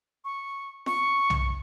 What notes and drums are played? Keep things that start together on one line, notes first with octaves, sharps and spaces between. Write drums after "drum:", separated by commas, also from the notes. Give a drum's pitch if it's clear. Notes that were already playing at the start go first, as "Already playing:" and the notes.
C#6
C#6, drum: snare
drum: tom B1